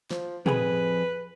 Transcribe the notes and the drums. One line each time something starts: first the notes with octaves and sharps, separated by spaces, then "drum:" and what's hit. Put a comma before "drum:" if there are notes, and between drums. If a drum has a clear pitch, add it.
F3, drum: snare
F2 G#4 B4 B5, drum: tom